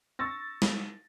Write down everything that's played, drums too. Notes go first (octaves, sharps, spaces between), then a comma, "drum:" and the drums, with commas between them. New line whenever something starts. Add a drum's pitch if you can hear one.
C#6 E6 A6 A#6
drum: snare